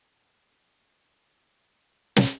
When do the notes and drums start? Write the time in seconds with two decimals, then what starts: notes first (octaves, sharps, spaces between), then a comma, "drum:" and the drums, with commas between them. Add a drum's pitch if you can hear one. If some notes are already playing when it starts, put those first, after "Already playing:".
Already playing: D#3
0.21 C4 F4 A#4 C#5
0.87 F3 C4 F4
2.16 drum: snare